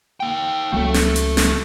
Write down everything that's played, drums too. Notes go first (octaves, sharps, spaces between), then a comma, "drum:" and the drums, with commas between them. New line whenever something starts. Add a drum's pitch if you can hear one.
A#3 G5
C#2 C#3 F#3 A3 A4
drum: snare
drum: hi-hat
drum: snare